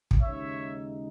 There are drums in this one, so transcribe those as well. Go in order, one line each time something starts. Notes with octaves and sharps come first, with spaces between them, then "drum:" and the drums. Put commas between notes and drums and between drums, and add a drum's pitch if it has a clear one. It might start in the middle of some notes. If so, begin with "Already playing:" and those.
drum: kick
D#2 C#3 G#3 D#4 C#5 E5